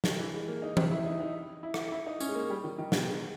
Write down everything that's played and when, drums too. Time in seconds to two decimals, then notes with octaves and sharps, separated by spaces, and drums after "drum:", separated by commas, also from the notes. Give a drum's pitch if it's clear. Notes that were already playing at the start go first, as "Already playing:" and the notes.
0.04 drum: snare
0.19 E3
0.34 G#3
0.48 A#3
0.62 D#4
0.77 G4, drum: tom E3
0.91 E4
1.06 D#4
1.20 D#4
1.63 E4
1.74 drum: rim click
1.92 E4
2.07 D#4
2.20 C#4, drum: tambourine
2.29 G#3
2.35 A#3
2.50 G3
2.64 D#3
2.78 D#3
2.92 B2, drum: snare
3.07 G#3